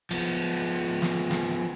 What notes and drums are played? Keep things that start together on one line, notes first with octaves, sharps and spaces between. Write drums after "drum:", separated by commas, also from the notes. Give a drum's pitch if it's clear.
F3 B3, drum: hi-hat
drum: snare
drum: snare